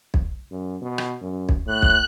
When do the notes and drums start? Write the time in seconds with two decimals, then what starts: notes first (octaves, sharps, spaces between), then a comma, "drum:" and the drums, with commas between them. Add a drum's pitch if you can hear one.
0.14 drum: kick B1
0.51 F#2
0.81 B2
0.98 drum: rim click
1.21 F#2
1.49 drum: kick B1
1.66 A2 F#6
1.82 drum: kick B1